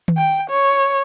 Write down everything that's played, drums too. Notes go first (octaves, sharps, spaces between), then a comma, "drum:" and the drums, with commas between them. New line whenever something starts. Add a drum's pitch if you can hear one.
drum: tom D#3
G5
C#5